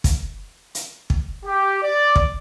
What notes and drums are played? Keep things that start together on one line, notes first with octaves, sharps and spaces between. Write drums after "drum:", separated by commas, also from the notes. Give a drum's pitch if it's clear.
drum: kick, hi-hat
drum: hi-hat
drum: kick
G4
D5
drum: kick